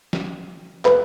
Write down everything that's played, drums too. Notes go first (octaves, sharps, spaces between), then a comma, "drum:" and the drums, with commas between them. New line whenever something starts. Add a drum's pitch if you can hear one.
drum: snare
B4, drum: clap